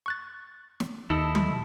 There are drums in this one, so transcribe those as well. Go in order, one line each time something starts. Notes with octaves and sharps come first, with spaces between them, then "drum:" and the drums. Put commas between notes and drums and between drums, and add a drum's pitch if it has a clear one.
C#6 F#6 A6
drum: snare
D#2 D#4 E4 A4 D#5
drum: tom F#3